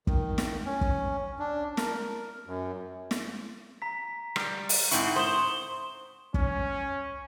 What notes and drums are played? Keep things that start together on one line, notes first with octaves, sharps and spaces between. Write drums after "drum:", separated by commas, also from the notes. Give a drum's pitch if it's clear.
D#3, drum: kick
drum: snare
C#4
drum: kick
D4
A#4, drum: snare
F#2
drum: snare
A#5 B6
G3, drum: rim click
drum: open hi-hat
G#2 C4 E4 C#6 C#7 F#7, drum: hi-hat
C5 D#6 E7 G7
C#4, drum: kick